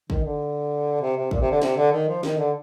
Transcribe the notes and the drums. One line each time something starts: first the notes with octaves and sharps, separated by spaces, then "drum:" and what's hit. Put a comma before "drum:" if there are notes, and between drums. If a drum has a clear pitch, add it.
D#3, drum: kick
D3
C3
C3
A#2, drum: kick
C3
D3
C3, drum: snare
D3
D#3
F3
D#3, drum: snare
D3